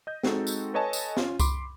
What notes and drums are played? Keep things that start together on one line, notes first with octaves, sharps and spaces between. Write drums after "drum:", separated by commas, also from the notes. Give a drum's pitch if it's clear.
D#5 G6
G#3 C4 D#4 F#4 A4, drum: snare
drum: tambourine
A4 B4 C#5 D#5 G#5 A5
drum: tambourine
C#4 F4, drum: snare
B5 C6 D6, drum: kick C2, tambourine